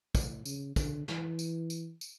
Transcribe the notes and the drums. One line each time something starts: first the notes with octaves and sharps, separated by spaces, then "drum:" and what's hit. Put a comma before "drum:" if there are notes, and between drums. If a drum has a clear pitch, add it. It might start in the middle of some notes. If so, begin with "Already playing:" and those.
A2, drum: kick, tambourine
C#3, drum: tambourine
D3, drum: kick, tambourine
E3, drum: snare
drum: tambourine
drum: tambourine
drum: tambourine